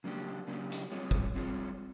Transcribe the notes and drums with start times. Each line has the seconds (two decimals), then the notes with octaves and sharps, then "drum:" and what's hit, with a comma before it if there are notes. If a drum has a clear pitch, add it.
0.04 C#3 F#3 A#3 D4 G4
0.48 C#3 F#3 A#3 D4 G4
0.72 drum: hi-hat
0.91 G3 C4 F4 G#4 C#5
1.11 drum: kick
1.35 G3 C4 F4 G#4 C#5